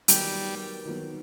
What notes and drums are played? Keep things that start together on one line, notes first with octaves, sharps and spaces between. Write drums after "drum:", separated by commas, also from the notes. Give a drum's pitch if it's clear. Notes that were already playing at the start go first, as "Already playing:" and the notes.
D#3 F#3 G3 B3, drum: hi-hat
D#3 F#3 B3